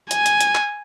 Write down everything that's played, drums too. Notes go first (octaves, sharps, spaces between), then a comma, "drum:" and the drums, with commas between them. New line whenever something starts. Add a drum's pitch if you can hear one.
G#5, drum: hi-hat
drum: hi-hat
drum: hi-hat
drum: clap